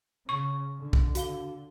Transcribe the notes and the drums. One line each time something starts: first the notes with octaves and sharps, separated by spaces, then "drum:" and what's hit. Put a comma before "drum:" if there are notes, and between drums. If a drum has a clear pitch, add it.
C#3 C#6
D3
drum: kick
F#4 F5 G7, drum: hi-hat